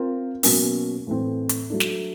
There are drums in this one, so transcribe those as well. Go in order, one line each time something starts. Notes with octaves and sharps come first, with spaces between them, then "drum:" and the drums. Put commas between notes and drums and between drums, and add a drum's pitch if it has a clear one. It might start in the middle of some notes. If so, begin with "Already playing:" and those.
Already playing: C4 F4 A#4
B2 F#3 A#3 C#4, drum: open hi-hat
A2 E3 A3 C4
drum: hi-hat
F#3 A3 D4
drum: snare